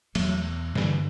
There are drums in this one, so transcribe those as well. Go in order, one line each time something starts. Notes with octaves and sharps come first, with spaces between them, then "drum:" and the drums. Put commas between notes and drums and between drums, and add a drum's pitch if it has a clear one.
E2 B2 F#3 A3, drum: cymbal
G2 D3 E3 G3, drum: snare